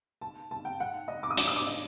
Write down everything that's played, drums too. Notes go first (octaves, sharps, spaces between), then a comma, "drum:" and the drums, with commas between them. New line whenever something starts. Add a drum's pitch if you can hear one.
A5
A5
G5
F#5
D#5
D6
D#6
D6, drum: hi-hat
D#6
D6
D#5